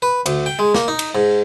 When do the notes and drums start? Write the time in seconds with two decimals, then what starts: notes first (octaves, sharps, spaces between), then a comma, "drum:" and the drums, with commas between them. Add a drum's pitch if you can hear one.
0.02 B4
0.26 D2, drum: cymbal
0.46 G5
0.59 G#3
0.75 A#3, drum: snare
0.88 D#4
0.99 drum: cymbal
1.15 G#2